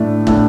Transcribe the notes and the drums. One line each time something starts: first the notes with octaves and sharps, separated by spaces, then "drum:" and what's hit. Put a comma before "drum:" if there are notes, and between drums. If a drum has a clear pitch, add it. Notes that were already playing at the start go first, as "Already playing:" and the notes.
Already playing: A2 A3 D4
A2 A3 D4, drum: kick